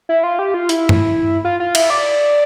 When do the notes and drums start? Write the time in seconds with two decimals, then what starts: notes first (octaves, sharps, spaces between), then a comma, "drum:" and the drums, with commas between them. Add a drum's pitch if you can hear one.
0.09 E4
0.24 F4
0.39 G4
0.54 F4
0.69 E4, drum: open hi-hat
0.89 drum: tom G2
1.45 F4
1.60 F4
1.75 E4, drum: cymbal
1.90 D5